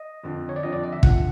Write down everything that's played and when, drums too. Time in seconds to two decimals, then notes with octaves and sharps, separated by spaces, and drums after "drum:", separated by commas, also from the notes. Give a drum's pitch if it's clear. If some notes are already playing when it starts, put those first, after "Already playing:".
Already playing: D#5
0.23 F2 D3 F3
0.49 C#5
0.56 D5
0.63 F2 D3 F3 D#5
0.73 D5
0.83 D#5
0.93 E5
1.03 F2 D3 F3 F#5, drum: kick